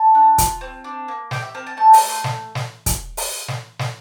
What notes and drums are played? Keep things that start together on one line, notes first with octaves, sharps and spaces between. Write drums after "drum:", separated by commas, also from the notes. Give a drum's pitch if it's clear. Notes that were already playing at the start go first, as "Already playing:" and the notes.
Already playing: A5
D4
F4, drum: kick, hi-hat
C4
D4
A#3
G4 G5, drum: snare
E5
C4 A#4
A5
A3 A5
A#5, drum: open hi-hat
A3
C6
drum: snare
drum: snare
drum: kick, hi-hat
drum: open hi-hat
drum: snare
drum: snare